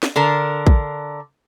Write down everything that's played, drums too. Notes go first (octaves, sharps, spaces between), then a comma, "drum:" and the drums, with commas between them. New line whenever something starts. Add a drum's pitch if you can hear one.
drum: snare
D3 D4 A#4
drum: kick